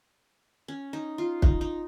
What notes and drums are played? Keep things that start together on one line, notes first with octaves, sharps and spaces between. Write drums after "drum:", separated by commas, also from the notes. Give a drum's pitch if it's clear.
C#4
D#4
F4
D#4, drum: kick
D#4